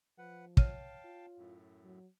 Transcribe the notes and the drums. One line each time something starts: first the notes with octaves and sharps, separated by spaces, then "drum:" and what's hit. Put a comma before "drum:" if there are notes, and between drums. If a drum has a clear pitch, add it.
F3 B4 F#5
C#5 F5 G5 A5 F6 D#7, drum: kick
F4
F#2 A2
F#3